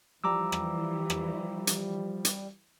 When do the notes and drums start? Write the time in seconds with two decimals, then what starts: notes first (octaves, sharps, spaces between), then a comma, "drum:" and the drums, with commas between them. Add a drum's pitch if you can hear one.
0.24 E3 F3 G3 A#5 D6 E6
0.52 drum: rim click
1.10 drum: rim click
1.67 drum: hi-hat
2.25 drum: hi-hat